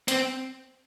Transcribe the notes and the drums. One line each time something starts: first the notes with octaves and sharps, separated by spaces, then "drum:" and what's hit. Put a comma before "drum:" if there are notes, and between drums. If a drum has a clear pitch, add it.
C4, drum: hi-hat